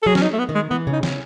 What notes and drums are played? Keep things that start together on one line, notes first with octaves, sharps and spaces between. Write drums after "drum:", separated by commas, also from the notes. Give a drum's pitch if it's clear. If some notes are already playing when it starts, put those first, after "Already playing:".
A4
F#3 G#4
C#4, drum: snare
D#4
A3
B3
D#3
G#3
E3 B3
C#3
D#4
C#3, drum: snare